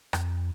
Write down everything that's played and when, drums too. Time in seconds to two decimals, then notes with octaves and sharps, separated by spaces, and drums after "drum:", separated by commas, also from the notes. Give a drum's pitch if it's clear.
0.13 F2, drum: rim click